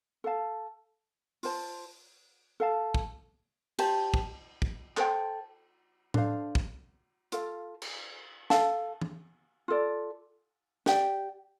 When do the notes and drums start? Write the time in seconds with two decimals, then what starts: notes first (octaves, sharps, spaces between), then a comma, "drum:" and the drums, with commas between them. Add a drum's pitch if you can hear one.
0.24 A4 F5 A5
1.43 F4 C5 A5, drum: open hi-hat
2.60 A4 F5 A5
2.94 drum: kick
3.79 G4 C5 A5, drum: cymbal
4.14 drum: kick
4.62 drum: kick
4.97 A4 C5 G5, drum: clap
6.14 D4 A4 C5 F5, drum: tom A2
6.55 drum: kick
7.32 F4 A4 F5, drum: hi-hat
7.82 drum: cymbal
8.50 A4 F5 A5, drum: snare
9.01 drum: tom
9.68 F4 A4 D5
10.86 G4 D5 G5, drum: snare